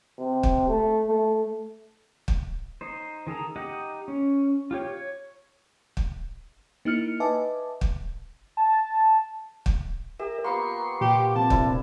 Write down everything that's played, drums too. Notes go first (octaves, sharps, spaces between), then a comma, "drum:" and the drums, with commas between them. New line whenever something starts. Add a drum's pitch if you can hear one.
C3
drum: kick
A3
A3
drum: kick
D#4 C5
D#3 G#4 A4 A#5
D#4 G4 D#5 F#5
C#4
F4 G4 C#5
C#5
drum: kick
A#3 D#4 E4 F6 C#7
B4 D#5 E5 G#5 A5 D6
drum: kick
A5
drum: kick
G4 A#4 E5
A#3 B3 F4 C6 C#6
A#2 G4
C3 F3 C4 A5
D4 E4, drum: kick